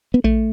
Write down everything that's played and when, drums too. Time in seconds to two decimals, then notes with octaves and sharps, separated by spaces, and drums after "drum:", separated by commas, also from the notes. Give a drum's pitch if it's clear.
0.14 B3
0.24 A3, drum: kick A#1